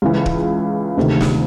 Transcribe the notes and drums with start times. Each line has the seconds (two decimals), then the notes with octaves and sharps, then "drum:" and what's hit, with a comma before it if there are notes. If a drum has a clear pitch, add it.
0.02 C#2 C#3 E3
0.26 drum: kick
0.97 D2 C3 D#3
1.21 drum: snare